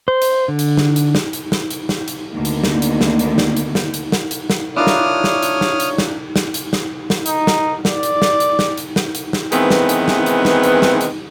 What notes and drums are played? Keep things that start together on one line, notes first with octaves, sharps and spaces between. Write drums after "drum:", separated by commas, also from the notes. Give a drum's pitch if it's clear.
C5
drum: hi-hat
D3
drum: hi-hat
drum: snare
drum: hi-hat
drum: snare
drum: hi-hat
drum: snare
drum: hi-hat
drum: snare
drum: hi-hat
D2 D3 D#3 A#3 B3
drum: hi-hat
drum: snare
drum: hi-hat
drum: snare
drum: hi-hat
drum: snare
drum: hi-hat
drum: snare
drum: hi-hat
drum: snare
drum: hi-hat
drum: snare
D4 E4 F4 A#4 C#5 D#6 F6
drum: snare
drum: snare
drum: hi-hat
drum: snare
drum: hi-hat
drum: snare
drum: snare
drum: hi-hat
drum: snare
drum: snare
D#4, drum: hi-hat
drum: snare
D5, drum: snare
drum: hi-hat
drum: snare
drum: hi-hat
drum: snare
drum: hi-hat
drum: snare
drum: hi-hat
drum: snare
D#3 E3 G#3 B3 C4, drum: hi-hat
drum: snare
drum: hi-hat
drum: snare
drum: hi-hat
drum: snare
drum: hi-hat
drum: snare
drum: hi-hat